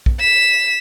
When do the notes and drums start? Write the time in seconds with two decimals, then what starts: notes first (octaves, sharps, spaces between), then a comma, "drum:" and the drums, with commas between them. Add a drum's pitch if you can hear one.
0.06 drum: kick
0.20 B6 E7